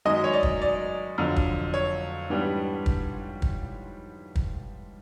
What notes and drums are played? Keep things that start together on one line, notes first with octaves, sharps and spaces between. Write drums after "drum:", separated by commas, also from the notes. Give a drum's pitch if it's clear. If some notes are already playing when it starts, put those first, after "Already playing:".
F#2 D#3 G#3 D#5
C#5
D5
drum: kick
D5
F2 D3 F#3
drum: kick
C#5
G#2 E3 G3 B3 D4
drum: kick
drum: kick
drum: kick